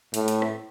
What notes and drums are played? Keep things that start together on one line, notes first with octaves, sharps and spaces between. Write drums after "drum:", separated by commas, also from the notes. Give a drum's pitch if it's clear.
A2, drum: hi-hat
drum: hi-hat
drum: rim click